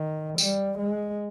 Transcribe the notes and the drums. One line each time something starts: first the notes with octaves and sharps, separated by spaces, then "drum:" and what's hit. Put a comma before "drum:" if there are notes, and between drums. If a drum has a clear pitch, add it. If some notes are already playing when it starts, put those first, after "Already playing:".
Already playing: D#3
G3, drum: tambourine
G#3